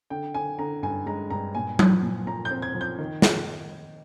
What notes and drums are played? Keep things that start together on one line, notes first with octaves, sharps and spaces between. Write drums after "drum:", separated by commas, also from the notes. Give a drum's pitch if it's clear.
D3 G5
D3 G#5
D3 A#5
G2 G#5
G#3 A#5
G2 A#5
A#2 G#5
F3, drum: tom F#3
A#2
F3 A#5
G6
C4
G#6
F3
G6
D#3
drum: snare